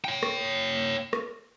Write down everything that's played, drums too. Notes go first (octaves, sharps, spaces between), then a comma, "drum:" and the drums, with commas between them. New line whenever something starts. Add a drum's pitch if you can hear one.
C#5 G5
drum: rim click
drum: rim click